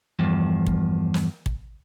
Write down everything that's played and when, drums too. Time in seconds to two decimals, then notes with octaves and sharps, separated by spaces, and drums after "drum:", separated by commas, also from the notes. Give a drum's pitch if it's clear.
0.19 E2 G2 F3
0.67 drum: kick
1.14 drum: snare
1.46 drum: kick